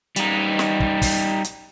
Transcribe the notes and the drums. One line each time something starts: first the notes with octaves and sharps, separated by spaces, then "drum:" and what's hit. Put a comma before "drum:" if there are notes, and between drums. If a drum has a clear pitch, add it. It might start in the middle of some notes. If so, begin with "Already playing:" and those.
G3 D#4, drum: hi-hat
drum: snare
drum: kick
drum: kick, open hi-hat
drum: hi-hat